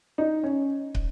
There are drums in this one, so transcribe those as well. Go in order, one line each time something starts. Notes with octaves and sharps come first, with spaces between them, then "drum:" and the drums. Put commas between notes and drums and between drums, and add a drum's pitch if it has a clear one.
D#4
C#4
drum: kick